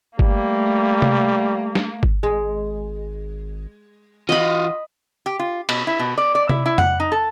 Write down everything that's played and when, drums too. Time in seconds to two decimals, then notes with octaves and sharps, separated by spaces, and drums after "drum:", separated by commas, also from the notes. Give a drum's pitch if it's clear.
0.19 G3 A3 A#3, drum: kick G1
1.02 drum: tom C3
1.75 drum: snare
2.03 drum: kick G1
2.23 G#1 G#3
4.29 E3 F4 F#4 D#5 B5
5.26 G4
5.39 F4
5.69 B2, drum: cymbal
5.87 E4
5.99 B2
6.18 D5
6.35 D5
6.49 E4, drum: tom C3
6.66 E4
6.78 F#5, drum: tom F2
7.00 D#4
7.12 A4